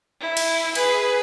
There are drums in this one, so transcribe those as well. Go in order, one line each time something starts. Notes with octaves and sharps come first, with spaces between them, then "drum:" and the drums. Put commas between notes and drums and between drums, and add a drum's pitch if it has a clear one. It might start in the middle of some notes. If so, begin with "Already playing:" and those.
E4
drum: cymbal
G#4 B4, drum: cymbal